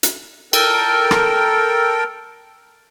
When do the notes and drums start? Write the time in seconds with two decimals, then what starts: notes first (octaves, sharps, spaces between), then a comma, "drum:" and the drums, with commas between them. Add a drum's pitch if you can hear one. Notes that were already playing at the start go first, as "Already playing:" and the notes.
0.03 drum: hi-hat
0.53 A4 A#4 G5, drum: cymbal
1.11 drum: rim click